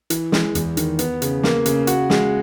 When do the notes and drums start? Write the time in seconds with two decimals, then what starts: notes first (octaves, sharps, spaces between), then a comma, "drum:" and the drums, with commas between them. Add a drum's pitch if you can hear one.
0.10 E3, drum: hi-hat
0.32 G#3, drum: snare
0.55 E2, drum: hi-hat
0.77 D#3, drum: hi-hat
0.99 B3, drum: hi-hat
1.22 C#3, drum: hi-hat
1.43 A#3, drum: snare
1.66 C#3, drum: hi-hat
1.87 F#4, drum: hi-hat
2.10 G#3, drum: snare